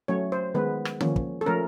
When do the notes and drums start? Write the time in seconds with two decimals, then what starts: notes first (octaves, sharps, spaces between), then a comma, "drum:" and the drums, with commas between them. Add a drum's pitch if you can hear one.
0.08 F#3 A3 C#4 C#5
0.32 C5
0.54 D#3 G#3 B3 B4
0.85 drum: rim click
1.01 F3 A#3 C#4, drum: tom D3
1.16 drum: kick
1.41 A4
1.46 F3 A3 C#4 A#4